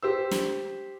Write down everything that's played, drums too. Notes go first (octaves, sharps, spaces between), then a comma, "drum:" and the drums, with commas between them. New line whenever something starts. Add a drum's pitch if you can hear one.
G4 C5 E6
drum: snare